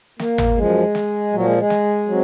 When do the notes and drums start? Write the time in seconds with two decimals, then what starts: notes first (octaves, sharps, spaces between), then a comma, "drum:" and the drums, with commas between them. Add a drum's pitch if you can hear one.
0.19 A#3, drum: snare
0.38 drum: tom G#1
0.56 F#2 F3 G#3
0.95 drum: snare
1.33 A#2 F3 F#3
1.45 G#3
1.58 G#3
1.70 drum: snare
2.08 C3 F#3